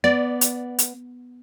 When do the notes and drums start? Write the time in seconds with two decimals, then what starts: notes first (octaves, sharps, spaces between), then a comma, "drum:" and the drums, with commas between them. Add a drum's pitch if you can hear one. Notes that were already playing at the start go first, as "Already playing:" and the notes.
0.04 B3 D5
0.41 drum: hi-hat
0.79 drum: hi-hat